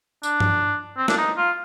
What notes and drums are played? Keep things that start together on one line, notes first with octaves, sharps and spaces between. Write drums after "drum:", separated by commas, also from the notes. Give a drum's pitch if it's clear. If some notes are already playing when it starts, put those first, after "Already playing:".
D4, drum: tambourine
drum: tom G2
C4
D4, drum: snare
D#4
F4